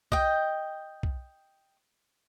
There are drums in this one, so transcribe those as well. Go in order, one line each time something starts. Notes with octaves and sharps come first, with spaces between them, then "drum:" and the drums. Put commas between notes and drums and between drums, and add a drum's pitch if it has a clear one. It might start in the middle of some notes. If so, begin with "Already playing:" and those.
D#5 G5, drum: kick
drum: kick